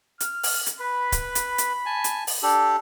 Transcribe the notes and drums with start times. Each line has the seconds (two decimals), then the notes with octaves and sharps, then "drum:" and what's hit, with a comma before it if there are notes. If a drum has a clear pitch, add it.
0.20 F6, drum: hi-hat
0.43 drum: open hi-hat
0.66 drum: hi-hat
0.80 B4 B5
1.12 drum: kick, hi-hat
1.35 drum: hi-hat
1.58 drum: hi-hat
1.86 G#5 A5
2.04 drum: hi-hat
2.27 drum: open hi-hat
2.43 D4 G4 A4